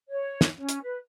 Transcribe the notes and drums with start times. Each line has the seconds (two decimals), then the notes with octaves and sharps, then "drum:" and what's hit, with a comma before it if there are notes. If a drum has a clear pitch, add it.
0.08 C#5
0.41 drum: snare
0.58 C#4
0.69 drum: hi-hat
0.82 B4